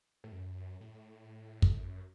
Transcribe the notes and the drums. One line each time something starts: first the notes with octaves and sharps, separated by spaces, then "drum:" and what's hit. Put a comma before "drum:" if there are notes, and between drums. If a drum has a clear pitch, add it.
A2
F#2
A2
drum: kick
A2
F#2